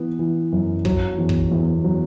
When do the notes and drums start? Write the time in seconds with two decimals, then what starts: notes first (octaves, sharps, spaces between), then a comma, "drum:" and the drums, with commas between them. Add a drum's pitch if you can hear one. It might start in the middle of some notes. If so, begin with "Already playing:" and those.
Already playing: E3 B3
0.19 E3
0.52 F#2
0.85 F#3, drum: kick
1.18 E2
1.29 drum: kick
1.52 E2
1.84 F#3